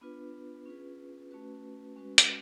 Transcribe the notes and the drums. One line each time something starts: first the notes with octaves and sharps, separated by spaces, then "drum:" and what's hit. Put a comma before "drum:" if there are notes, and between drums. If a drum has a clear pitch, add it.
B3 D4 F4 B4
C#4 F4 G#4 B4
A3 C#4 F#4 B4
G#3 C#4 F#4 B4
drum: hi-hat